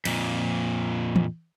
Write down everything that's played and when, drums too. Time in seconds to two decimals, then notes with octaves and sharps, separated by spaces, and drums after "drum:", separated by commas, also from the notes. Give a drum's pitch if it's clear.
0.05 F2 A#2, drum: cymbal
1.16 drum: tom